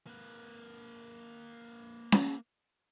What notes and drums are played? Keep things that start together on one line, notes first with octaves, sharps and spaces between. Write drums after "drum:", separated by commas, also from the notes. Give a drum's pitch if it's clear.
A#3 B4
drum: snare C#4